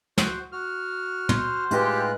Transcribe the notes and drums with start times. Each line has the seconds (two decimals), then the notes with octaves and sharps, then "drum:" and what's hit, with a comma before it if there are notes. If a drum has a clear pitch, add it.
0.18 F#4 C5, drum: snare
0.52 F#4 F6
1.29 C5, drum: tom
1.71 A2 G#3 D#4 F4 G4 B4 F#6, drum: hi-hat